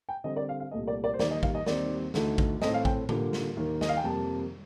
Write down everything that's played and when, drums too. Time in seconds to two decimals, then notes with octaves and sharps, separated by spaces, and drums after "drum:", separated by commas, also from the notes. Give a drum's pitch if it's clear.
0.09 G5
0.24 D3 G3 C4 D#5
0.36 D5
0.49 F5
0.60 F5
0.71 C2 A#2 A3 D#5
0.87 D5
1.04 D5
1.14 C5
1.19 D#2 D#3 G3 D5, drum: snare
1.31 D#5
1.43 F5, drum: kick A1
1.55 D#5
1.66 D#2 D#3 G3 C4 D5, drum: snare
2.14 D2 D3 A3 D#4, drum: snare
2.38 drum: kick A1
2.62 A2 A3 C4 D#5, drum: snare
2.74 F5
2.85 G5, drum: kick A1
3.09 D3 G3 A#3 F4, drum: tom A2
3.33 drum: snare
3.57 D#2 D#3 A#3
3.81 D#5, drum: snare
3.89 F5
3.97 G5
4.04 F2 C3 G3 A#3 A5